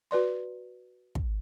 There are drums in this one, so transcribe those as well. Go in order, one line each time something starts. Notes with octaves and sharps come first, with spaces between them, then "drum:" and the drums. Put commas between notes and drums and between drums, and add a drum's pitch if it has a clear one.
F#4 B4 D5 C6
drum: kick